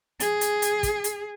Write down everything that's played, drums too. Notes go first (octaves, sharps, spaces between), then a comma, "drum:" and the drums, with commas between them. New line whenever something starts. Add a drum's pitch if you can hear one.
G#4, drum: hi-hat
drum: hi-hat
drum: hi-hat
drum: kick, hi-hat
drum: hi-hat